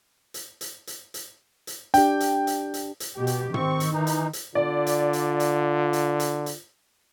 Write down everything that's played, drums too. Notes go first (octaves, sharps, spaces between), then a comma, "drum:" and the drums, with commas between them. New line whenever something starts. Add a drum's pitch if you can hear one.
drum: hi-hat
drum: hi-hat
drum: hi-hat
drum: hi-hat
drum: hi-hat
D4 G4 G5, drum: hi-hat
drum: hi-hat
drum: hi-hat
drum: hi-hat
drum: hi-hat
B2 G4
drum: hi-hat
D#3 C4 C#6, drum: tom
drum: hi-hat
E3 D#4
drum: hi-hat
drum: hi-hat
D3 F4 D5
drum: hi-hat
drum: hi-hat
drum: hi-hat
drum: hi-hat
drum: hi-hat
drum: hi-hat